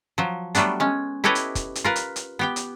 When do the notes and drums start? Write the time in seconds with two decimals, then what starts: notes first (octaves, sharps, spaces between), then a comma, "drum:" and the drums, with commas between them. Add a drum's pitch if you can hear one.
0.18 F3 F#3
0.55 F#3 G3 A3 B3 D4, drum: hi-hat
0.80 G#3 C#4
1.24 E4 G4 A4 B4 C#5 D#5
1.35 drum: hi-hat
1.55 drum: kick, hi-hat
1.75 drum: hi-hat
1.84 F4 A#4 B4
1.96 drum: hi-hat
2.16 drum: hi-hat
2.39 B3 G4 G5
2.56 drum: hi-hat